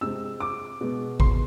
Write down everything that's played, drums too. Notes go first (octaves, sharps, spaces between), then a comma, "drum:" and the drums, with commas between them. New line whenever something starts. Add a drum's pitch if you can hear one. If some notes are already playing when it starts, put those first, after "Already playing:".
C3 G#3 C4 E6
D6
B2 G#3 B3
C6, drum: kick G#1